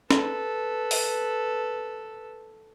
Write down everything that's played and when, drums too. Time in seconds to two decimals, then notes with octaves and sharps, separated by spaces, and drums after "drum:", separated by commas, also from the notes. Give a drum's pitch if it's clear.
0.11 A4 B4, drum: snare
0.91 drum: open hi-hat